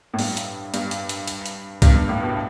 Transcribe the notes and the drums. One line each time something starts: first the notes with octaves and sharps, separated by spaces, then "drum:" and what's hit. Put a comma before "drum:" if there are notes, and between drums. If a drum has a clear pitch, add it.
A2
G2, drum: open hi-hat
drum: hi-hat
G2, drum: hi-hat
drum: hi-hat
drum: hi-hat
drum: hi-hat
drum: hi-hat
G2, drum: kick C2, hi-hat
G2
A2
B2